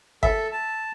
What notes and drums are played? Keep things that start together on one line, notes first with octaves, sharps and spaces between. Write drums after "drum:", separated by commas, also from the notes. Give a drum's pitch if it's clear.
A4 E5, drum: kick G1
A5